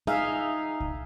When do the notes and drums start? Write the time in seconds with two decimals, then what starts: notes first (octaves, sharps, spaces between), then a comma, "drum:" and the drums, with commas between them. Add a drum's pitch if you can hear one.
0.07 D#4 G#4 E5 F5, drum: snare
0.80 drum: kick C2